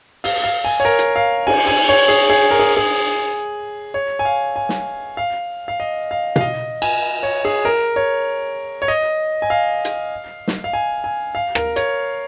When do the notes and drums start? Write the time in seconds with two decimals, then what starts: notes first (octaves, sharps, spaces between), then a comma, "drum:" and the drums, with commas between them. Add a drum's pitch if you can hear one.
0.24 F5, drum: open hi-hat
0.44 F5
0.65 G#5
0.80 C#5
0.85 A#4
0.99 drum: hi-hat
1.16 F5
1.47 G#5, drum: cymbal
1.67 G#5
1.89 C#5
2.08 G#4
2.30 G#4
2.51 A#4
2.59 G#4
2.77 G#4
3.94 C#5
4.19 G#5
4.25 F5
4.56 G#5
4.69 drum: snare
5.17 F5
5.68 F5
5.80 D#5
6.11 F5
6.36 F5, drum: tom B2
6.41 D#5
6.82 G#5, drum: cymbal
7.23 C#5
7.45 G#4
7.65 A#4
7.96 C#5
8.82 C#5
8.88 D#5
9.42 G#5
9.50 F5
9.85 drum: hi-hat
10.48 drum: snare
10.64 F5
10.73 G#5
11.04 G#5
11.35 F5
11.55 A#4, drum: rim click
11.76 C#5, drum: hi-hat